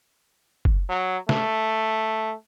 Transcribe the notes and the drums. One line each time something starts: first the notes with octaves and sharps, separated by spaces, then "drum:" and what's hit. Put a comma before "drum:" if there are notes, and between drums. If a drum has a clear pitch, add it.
drum: kick
F#3
A3, drum: snare